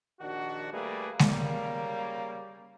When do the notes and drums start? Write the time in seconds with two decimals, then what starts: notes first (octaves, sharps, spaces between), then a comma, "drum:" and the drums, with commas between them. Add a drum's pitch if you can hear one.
0.21 A#1 D#3 D4 F#4
0.72 G3 A3 A#3 G#4 B4
1.19 C#3 G3 A#3, drum: snare G#3